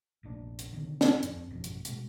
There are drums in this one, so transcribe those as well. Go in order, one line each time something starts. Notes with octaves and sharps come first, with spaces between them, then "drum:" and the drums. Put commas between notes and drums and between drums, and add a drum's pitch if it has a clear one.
F1 A#1 A2 D4
drum: hi-hat
B2 D3 D#3
drum: snare
F2 C4, drum: hi-hat
G#1 F#2 B2 F3
drum: hi-hat
B2 G#3, drum: hi-hat